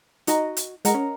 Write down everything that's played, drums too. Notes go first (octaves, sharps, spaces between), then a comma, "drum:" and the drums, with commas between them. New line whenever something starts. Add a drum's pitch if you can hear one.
D#4 F#4 D#5 A#5, drum: hi-hat
drum: hi-hat
G#3 A#4 D#5 F#5 A#5, drum: hi-hat
C#4